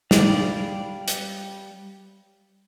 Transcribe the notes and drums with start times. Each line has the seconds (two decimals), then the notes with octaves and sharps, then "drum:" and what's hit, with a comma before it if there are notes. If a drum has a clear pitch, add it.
0.11 G3 D5 F5, drum: snare
1.08 drum: hi-hat